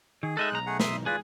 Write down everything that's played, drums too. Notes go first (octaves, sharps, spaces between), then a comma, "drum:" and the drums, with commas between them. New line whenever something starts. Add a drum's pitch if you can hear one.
D#3 G#4
G#3 D#4 A4 D#5 E5 F#6
B1 A#5
A3 G#4 F#5
E5 C6 D#6, drum: snare
F4 G#4 B4 D5